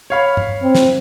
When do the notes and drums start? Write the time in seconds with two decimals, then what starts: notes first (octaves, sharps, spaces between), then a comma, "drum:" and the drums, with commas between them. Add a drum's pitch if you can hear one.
0.10 C#5 F5 B5
0.37 drum: tom
0.63 C4
0.75 drum: snare